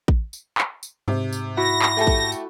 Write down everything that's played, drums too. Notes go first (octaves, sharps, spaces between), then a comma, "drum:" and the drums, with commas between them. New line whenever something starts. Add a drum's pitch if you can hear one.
drum: kick A1
drum: tambourine
drum: clap
drum: tambourine
G#2 C3
drum: tambourine
E4 F#4 B5 A#6
drum: clap
A3 G4 A4
drum: kick A1
drum: tambourine